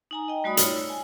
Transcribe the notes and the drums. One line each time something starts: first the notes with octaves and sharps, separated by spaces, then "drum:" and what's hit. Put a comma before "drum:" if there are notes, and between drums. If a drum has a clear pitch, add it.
D#4 G#5 A#5
D#5 G5
G3 A3 F#4 D5 B5 D#6
D#4 F4 C#5, drum: hi-hat
E6
G#5